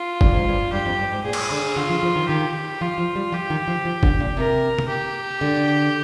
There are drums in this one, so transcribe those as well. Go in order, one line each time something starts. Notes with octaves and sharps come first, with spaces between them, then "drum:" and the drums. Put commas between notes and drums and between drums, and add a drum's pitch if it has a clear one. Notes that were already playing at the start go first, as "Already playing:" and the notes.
Already playing: F4
G2, drum: kick F#1
G#2
G2
G2 G4
F2
G2
G#2
A#2 G#4
drum: cymbal
D3
D3 F4
F3
F3
D#3
D#3 G4
F3 F4
F3
G3
F3 G4
D#3
F3
F3
D3, drum: kick F#1
A#2
C3 A#4
drum: tom C3
G4
D3